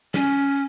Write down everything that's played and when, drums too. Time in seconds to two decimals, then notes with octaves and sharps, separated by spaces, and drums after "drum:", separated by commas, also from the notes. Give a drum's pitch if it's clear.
0.14 C#4, drum: snare